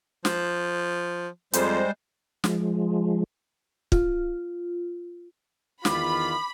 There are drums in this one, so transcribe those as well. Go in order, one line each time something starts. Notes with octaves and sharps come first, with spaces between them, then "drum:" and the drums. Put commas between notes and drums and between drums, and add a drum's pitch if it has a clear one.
F3, drum: snare
F2 G3 G#3 C5, drum: hi-hat
F3 G#3, drum: snare
F4, drum: kick
E2 D#3 F4 B5 D6, drum: snare